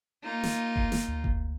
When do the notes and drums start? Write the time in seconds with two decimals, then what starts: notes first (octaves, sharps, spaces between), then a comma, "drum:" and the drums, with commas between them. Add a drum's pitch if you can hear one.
0.23 A#3 D#4 F4
0.44 drum: snare
0.76 drum: kick F#1
0.92 drum: snare
1.08 D2
1.24 drum: kick F#1